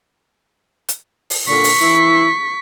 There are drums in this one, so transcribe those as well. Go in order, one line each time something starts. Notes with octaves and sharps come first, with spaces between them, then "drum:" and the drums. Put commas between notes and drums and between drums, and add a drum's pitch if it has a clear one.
drum: hi-hat
drum: open hi-hat
A#2 D3 C#6 B6
drum: open hi-hat
E3 E4